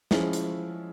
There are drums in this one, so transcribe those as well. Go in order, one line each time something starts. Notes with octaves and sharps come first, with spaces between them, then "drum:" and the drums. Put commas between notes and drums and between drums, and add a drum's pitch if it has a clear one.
F3 G#3 C#4 E4, drum: snare
drum: hi-hat